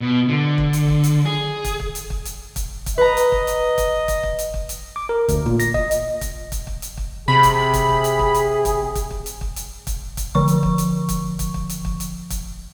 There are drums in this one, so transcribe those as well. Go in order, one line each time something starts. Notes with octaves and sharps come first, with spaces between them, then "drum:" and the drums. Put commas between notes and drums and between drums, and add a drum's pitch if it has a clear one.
B2
D3
drum: kick
drum: hi-hat
drum: kick
drum: hi-hat
G#4
drum: kick, hi-hat
drum: kick
drum: hi-hat
drum: kick
drum: hi-hat
drum: kick, hi-hat
drum: kick, hi-hat
B4 D#5 A#5
drum: hi-hat
drum: kick
drum: hi-hat
drum: kick, hi-hat
drum: kick, hi-hat
drum: kick
drum: hi-hat
drum: kick
drum: hi-hat
D6
A#4
D2, drum: kick, hi-hat
A#2, drum: kick
A#6, drum: hi-hat
D#5, drum: kick
drum: hi-hat
drum: kick, hi-hat
drum: kick, hi-hat
drum: kick
drum: hi-hat
drum: kick
C3 G#4 B5
drum: kick, hi-hat
drum: kick, hi-hat
drum: kick
drum: hi-hat
drum: kick
drum: hi-hat
drum: kick, hi-hat
drum: kick, hi-hat
drum: kick
drum: hi-hat
drum: kick
drum: hi-hat
drum: kick, hi-hat
drum: kick, hi-hat
D3 F3 C#6, drum: kick
drum: hi-hat
drum: kick
drum: hi-hat
drum: kick, hi-hat
drum: kick, hi-hat
drum: kick
drum: hi-hat
drum: kick
drum: hi-hat
drum: kick, hi-hat